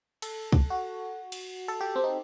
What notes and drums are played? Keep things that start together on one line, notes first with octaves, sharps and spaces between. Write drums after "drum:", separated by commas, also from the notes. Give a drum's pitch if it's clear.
A4, drum: cymbal
drum: kick
F#4
drum: cymbal
A4
G4
C4
D#4